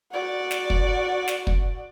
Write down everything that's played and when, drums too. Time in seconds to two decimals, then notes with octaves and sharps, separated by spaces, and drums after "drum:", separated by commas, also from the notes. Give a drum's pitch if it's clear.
0.12 F#4 D5
0.51 drum: snare
0.70 drum: kick
1.28 drum: snare
1.47 drum: kick